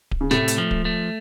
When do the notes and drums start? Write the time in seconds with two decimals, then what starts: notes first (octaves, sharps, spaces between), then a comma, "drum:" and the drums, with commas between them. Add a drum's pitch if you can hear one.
0.11 drum: kick D1
0.21 C#3
0.31 A2 C3 A3, drum: snare
0.48 drum: hi-hat
0.58 F3
0.71 drum: kick D1
0.85 A3